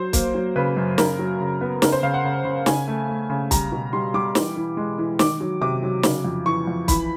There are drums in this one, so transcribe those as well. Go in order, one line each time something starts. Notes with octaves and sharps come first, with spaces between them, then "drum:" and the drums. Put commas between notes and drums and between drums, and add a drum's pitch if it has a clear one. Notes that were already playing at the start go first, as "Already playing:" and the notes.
Already playing: F#3 C5
A#3, drum: kick, hi-hat
F#3
C#3 B4
F#2
C#3 A#4, drum: snare
F#3
C#3
B3
C#3 A#4, drum: snare
C5
C#3 F5
F#5
C#3
C#3
C#3 G#5, drum: snare
A3
A3
C#3
G3 A#5, drum: kick, hi-hat
B2
G3 C6
G3 D6
E3, drum: snare
E3
G#3
E3
D#3 D6, drum: snare
F#3
C3 D6
F#3
C#3, drum: snare
F2
E3 C#6
F2
E3 B5, drum: kick, hi-hat